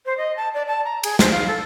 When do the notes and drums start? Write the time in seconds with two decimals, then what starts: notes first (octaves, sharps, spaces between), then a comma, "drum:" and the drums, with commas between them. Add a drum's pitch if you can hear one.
0.06 C5
0.17 D#5
0.37 A5
0.54 D5
0.67 A5
0.85 A#5
1.03 G#4, drum: cymbal
1.19 C5, drum: snare
1.31 F5
1.47 A4